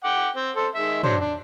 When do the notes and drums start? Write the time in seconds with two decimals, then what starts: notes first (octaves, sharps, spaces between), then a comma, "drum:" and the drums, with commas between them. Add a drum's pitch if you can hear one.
0.04 F#5 G5 D6
0.36 C4
0.56 A4 C5
0.75 D#3 G#3 E5
1.03 F#3 D4 C5, drum: tom
1.21 D4